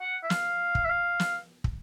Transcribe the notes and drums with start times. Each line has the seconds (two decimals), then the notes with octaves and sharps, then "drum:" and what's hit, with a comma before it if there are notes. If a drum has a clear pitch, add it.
0.01 F#5
0.24 E5
0.30 F5, drum: snare
0.75 drum: kick
0.85 E5
0.90 F5
1.20 drum: snare
1.64 drum: kick